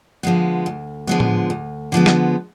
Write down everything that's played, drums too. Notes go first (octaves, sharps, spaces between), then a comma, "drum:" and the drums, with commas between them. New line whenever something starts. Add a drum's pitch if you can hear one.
D3 F3 G#3 B3
D2
D3 F3 G#3 B3
drum: tom A2
D2
D3 F3 G#3 B3
drum: snare